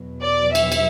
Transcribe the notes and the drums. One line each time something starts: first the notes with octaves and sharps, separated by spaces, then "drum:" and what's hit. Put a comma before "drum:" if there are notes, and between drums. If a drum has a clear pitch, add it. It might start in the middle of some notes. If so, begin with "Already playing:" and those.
Already playing: E2 B2 F#3
D5
E5, drum: cymbal
drum: cymbal